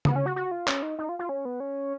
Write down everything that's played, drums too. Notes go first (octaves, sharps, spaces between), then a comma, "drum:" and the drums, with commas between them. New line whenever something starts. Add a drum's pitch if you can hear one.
B3, drum: tom C#3
C#4
F#4
F#4
F4
C#4, drum: clap
D#4
D#4
F4
F4
C#4
B3
C#4